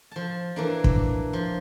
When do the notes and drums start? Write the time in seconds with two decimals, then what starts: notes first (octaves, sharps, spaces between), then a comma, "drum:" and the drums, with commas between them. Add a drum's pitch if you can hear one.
0.11 F3 A5
0.56 E3 A#3 D4
0.84 drum: kick
1.33 F3